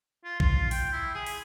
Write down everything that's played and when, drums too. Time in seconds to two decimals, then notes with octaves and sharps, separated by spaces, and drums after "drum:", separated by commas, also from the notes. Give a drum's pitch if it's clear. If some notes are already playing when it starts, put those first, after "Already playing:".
0.24 F4
0.40 F4, drum: kick A#1
0.71 G5, drum: open hi-hat
0.93 E4
1.15 G#4
1.26 drum: open hi-hat